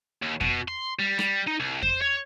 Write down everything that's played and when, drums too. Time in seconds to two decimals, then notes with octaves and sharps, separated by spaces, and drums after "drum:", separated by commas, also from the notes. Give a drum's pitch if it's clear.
0.22 D#2
0.41 B2, drum: kick F2
0.68 C6
0.99 G3
1.19 G3, drum: rim click
1.47 D#4
1.60 C2
1.83 C5, drum: kick F2
2.02 C#5